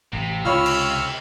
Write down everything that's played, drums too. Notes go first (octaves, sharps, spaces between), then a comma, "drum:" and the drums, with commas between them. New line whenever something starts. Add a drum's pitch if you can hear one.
A1 C3
C#2 F4 C#5 B5 E6 F6
drum: cymbal